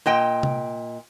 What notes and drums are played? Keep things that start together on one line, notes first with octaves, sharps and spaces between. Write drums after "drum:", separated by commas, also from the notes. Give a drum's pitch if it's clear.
A#2 D#5 G5
drum: tom C3